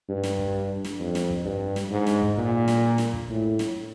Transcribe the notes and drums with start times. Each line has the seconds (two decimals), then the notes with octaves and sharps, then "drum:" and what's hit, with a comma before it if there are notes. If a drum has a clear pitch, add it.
0.09 G2
0.23 drum: snare
0.39 drum: kick
0.84 drum: snare
1.00 F2
1.15 drum: snare
1.30 drum: kick
1.45 G2
1.76 drum: snare
1.91 G#2
2.07 drum: snare
2.22 drum: kick
2.38 A#2
2.68 drum: snare
2.98 drum: snare
3.13 drum: kick
3.29 A2
3.59 drum: snare